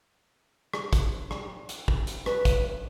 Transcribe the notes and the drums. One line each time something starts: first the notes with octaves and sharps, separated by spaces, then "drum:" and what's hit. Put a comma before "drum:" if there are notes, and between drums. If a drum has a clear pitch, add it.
drum: rim click
drum: kick, hi-hat
drum: rim click
drum: hi-hat
drum: kick
drum: hi-hat
B4, drum: rim click
drum: kick, hi-hat